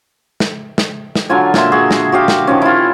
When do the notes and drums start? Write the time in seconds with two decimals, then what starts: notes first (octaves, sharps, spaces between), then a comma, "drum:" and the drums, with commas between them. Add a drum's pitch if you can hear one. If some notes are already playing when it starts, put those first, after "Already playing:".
0.40 drum: snare
0.78 drum: snare
1.15 drum: snare
1.30 D3 F#3 F4 G#5
1.54 A#2 E5 C6, drum: snare
1.72 F#4 G#4
1.91 drum: snare
2.12 F#4 G4 F5
2.28 drum: snare
2.47 D#3 F3 C#4
2.62 E4 F4